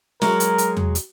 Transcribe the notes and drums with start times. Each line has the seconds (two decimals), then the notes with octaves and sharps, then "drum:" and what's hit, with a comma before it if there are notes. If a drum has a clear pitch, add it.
0.22 F#3 G#3 A#4, drum: snare
0.40 drum: hi-hat
0.58 drum: hi-hat
0.77 drum: tom E2
0.95 drum: hi-hat